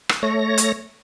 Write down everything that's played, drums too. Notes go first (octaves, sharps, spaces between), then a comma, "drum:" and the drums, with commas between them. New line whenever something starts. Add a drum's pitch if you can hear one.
drum: rim click
A3 C#5 A#6
drum: hi-hat